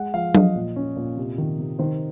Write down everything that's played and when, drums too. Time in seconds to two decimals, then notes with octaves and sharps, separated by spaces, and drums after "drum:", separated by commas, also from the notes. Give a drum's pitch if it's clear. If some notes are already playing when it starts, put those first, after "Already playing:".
Already playing: G#3 F#5
0.14 F3 F5
0.35 F3 D#5, drum: tom F#3
0.56 A#2
0.76 C#4
0.97 A#2
1.17 C3
1.38 D#3
1.59 C3
1.79 D#3 C5